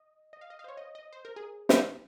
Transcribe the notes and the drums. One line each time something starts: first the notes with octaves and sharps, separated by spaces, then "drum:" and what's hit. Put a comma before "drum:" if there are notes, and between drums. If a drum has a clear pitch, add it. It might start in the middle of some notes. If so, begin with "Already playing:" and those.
Already playing: D#5
D#5
F5
D#5
F5
C5
C#5
D#5
D#5
C5
A#4
G#4
drum: snare